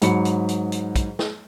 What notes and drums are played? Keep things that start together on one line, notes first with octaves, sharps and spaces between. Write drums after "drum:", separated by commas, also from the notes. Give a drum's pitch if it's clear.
G#2 F#3 B5 C#7, drum: hi-hat
drum: hi-hat
drum: hi-hat
drum: hi-hat
drum: kick, hi-hat
drum: snare